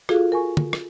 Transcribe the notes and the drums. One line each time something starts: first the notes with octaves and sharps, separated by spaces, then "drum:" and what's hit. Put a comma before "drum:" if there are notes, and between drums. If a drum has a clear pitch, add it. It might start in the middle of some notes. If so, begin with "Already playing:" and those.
F4 F#4 G#4 A4 F5, drum: rim click
A#4 G#5 C#6
drum: tom
drum: rim click